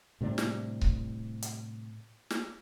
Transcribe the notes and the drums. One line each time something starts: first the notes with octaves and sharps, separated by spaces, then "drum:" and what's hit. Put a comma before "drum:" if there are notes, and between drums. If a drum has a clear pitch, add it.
A2 C3 G3 D4
drum: snare
drum: kick C#1
drum: hi-hat
drum: snare